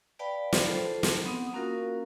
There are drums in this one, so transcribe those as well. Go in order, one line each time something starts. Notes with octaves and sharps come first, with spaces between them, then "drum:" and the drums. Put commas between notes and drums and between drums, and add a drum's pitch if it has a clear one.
B4 D5 F5 G5 A5 B5
drum: snare
F4 A4 C5 A5
drum: snare
B3 C4 F#5 D#6
A#3 C#4 F4 F#4 A#4 F5